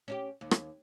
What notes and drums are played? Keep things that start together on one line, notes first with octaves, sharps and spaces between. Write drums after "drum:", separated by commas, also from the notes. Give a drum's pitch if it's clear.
C#4 D4 G4
D#2
drum: rim click